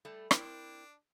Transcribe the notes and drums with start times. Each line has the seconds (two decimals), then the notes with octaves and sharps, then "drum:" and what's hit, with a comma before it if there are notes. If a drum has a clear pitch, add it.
0.05 G3 A3 A4
0.31 C4 D4 E4 A#4, drum: rim click